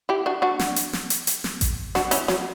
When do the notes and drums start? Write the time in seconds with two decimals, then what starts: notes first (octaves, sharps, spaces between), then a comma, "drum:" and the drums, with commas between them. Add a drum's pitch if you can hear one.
0.09 E4 G4
0.26 D4 F#4
0.42 D4 F#4
0.59 drum: snare
0.76 drum: hi-hat
0.93 drum: snare
1.10 drum: hi-hat
1.27 drum: hi-hat
1.44 drum: snare
1.61 drum: kick A1, hi-hat
1.95 D4 F#4, drum: snare
2.11 C#4 E4, drum: hi-hat
2.28 F#3, drum: snare